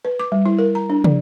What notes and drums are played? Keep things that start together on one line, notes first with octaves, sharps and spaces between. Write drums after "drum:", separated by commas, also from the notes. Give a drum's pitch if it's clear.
B4
D6
G3
E4
A#4
A#5
D4
F3, drum: tom